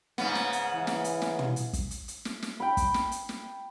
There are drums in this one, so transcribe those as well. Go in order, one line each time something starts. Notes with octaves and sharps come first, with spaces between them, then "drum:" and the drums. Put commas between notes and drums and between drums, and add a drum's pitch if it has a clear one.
G#2 C#3 B3, drum: snare
drum: snare
drum: hi-hat
E3
drum: snare
drum: hi-hat
drum: snare
drum: tom
drum: hi-hat
drum: kick, hi-hat
drum: hi-hat
drum: hi-hat
drum: snare
drum: snare
G5 B5
drum: kick, hi-hat
drum: snare
drum: hi-hat
drum: snare